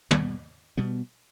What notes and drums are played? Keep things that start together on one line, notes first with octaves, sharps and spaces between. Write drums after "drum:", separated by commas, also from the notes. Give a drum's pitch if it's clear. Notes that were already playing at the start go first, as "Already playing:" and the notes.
B2 G3 B3, drum: tom
B2 G3 B3